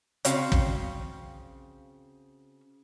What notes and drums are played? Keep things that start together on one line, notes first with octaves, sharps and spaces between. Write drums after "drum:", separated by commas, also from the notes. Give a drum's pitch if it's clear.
C#3 C4 F#4 F5, drum: hi-hat
drum: kick